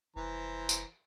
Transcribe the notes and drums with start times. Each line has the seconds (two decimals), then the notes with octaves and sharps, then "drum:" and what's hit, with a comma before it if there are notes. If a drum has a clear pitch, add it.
0.16 F1 E3 C5 A#5
0.69 drum: tambourine